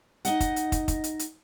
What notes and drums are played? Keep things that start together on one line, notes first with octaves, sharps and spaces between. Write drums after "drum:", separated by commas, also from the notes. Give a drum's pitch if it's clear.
D#4 D#5 F#5, drum: hi-hat
drum: kick, hi-hat
drum: hi-hat
drum: kick, hi-hat
drum: kick, hi-hat
drum: hi-hat
drum: hi-hat